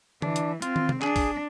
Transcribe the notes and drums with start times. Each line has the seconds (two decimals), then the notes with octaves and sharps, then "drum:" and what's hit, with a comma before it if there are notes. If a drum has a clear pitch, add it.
0.22 E3 D4, drum: tom D3
0.36 drum: hi-hat
0.62 C4 F4, drum: hi-hat
0.76 drum: tom
0.89 drum: tom C3
1.02 D4 G#4, drum: clap
1.16 drum: kick, open hi-hat